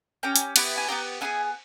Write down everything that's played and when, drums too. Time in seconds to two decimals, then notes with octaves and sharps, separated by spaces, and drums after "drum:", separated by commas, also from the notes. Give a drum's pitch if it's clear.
0.23 C#4 G4 G5 A#5
0.36 drum: hi-hat
0.56 B3 E4 G4, drum: cymbal
0.78 G#5
0.88 B3 E4 G4 G5 A#5
1.21 B3 D#4 G#4 E5 G#5